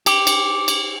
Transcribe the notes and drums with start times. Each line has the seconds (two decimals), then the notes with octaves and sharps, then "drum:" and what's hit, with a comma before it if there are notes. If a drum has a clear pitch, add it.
0.06 G4, drum: cymbal
0.27 drum: cymbal
0.68 drum: cymbal